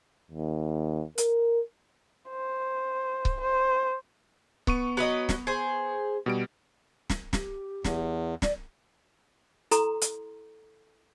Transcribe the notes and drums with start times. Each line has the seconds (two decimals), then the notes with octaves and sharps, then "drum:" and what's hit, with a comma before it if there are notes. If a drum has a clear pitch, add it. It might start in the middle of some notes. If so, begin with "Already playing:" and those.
0.31 D#2
1.18 A#4, drum: hi-hat
2.30 C5
3.25 drum: kick C#1
3.41 C5
4.67 B3 C#6 D#7, drum: kick C#1
4.97 F#3 B4 D#5
5.29 drum: snare
5.47 G#4 C5
6.26 B2 G3 D7
7.10 drum: snare
7.33 G4, drum: snare
7.84 E2, drum: snare
8.42 D5, drum: snare
9.71 E4 A4 A#5 C6, drum: hi-hat
10.02 drum: hi-hat